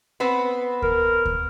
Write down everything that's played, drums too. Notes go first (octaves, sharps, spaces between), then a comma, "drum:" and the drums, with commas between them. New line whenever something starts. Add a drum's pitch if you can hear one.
B3 C4 B4
A#4, drum: kick D2
drum: kick D2